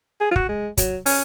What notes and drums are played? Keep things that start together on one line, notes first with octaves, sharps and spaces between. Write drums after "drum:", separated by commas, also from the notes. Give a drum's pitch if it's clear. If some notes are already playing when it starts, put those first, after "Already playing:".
G#4
F4
F#4, drum: kick
G#3
F#3, drum: kick, hi-hat
C#4, drum: open hi-hat